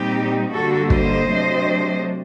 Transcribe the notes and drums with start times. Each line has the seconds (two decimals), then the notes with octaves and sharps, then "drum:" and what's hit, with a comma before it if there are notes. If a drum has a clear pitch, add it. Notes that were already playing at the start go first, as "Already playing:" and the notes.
Already playing: A#2 G3 C4 D#4 G4
0.51 G2 D3 G3 A#3 F#4 A4
0.90 C5 D#5, drum: kick
1.28 C3 F#3 A3 D4